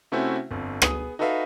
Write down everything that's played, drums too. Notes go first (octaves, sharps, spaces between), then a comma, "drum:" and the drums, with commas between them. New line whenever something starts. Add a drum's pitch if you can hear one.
C3 A3 C#4 E4 F#4 C5
G1 F2
B3 G#4 D#6, drum: rim click
D#4 F#4 A4 B4 E5 F5